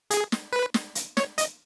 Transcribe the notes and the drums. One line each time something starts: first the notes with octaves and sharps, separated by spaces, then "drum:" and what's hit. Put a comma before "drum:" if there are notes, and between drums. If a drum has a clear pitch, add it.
G#4, drum: hi-hat
drum: snare
B4
drum: snare
drum: hi-hat
C#5, drum: snare
D#5, drum: hi-hat